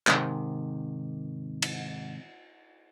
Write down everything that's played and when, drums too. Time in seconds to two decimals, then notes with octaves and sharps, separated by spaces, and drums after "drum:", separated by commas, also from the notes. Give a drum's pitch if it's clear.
0.07 G#2 C3 D#3, drum: clap
1.62 drum: cymbal